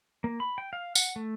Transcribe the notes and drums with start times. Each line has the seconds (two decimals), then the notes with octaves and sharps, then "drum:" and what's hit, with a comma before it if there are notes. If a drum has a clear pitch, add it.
0.24 A#3
0.40 B5
0.58 G5
0.73 F5
0.95 F#5, drum: tambourine
1.16 A3